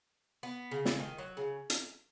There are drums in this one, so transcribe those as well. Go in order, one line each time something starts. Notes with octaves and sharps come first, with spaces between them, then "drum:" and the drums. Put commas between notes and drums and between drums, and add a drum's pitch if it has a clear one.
B3
C#3
drum: snare
D#3
F#3
C#3
drum: hi-hat